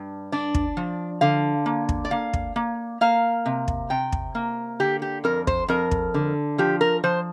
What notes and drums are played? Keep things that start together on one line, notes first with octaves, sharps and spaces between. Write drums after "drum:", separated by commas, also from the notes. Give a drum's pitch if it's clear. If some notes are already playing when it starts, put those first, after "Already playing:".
Already playing: G2
D4 D5
drum: kick
F3
D3 F5
A#3
drum: kick
D5
A#3 F5
drum: kick
A#3
A#3 F5
C3
drum: kick
C3 G5
drum: kick
A#3
D3 G4
G4
F2 A#4
C5, drum: kick
F2 A#4
drum: kick
D3
F3 G4
A#4
F3 C5